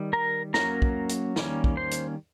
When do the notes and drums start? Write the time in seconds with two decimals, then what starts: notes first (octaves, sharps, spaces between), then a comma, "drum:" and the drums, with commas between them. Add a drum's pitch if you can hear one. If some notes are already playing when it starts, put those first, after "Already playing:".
Already playing: D#3 G3
0.13 A#4 A#5
0.54 F#3 A#3 C#4 A#4 A#5, drum: snare
0.82 drum: kick
1.09 drum: hi-hat
1.36 D#3 G3 A#3 C#4, drum: snare
1.64 drum: kick
1.77 C5 C6
1.91 drum: hi-hat